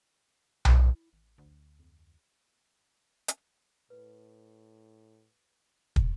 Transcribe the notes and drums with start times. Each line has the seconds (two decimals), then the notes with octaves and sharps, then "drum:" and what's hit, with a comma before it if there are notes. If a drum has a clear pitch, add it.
0.65 E4, drum: tom B1
1.13 A1
1.38 D2
1.79 F2
3.28 drum: hi-hat
3.90 A2 B4
5.96 drum: kick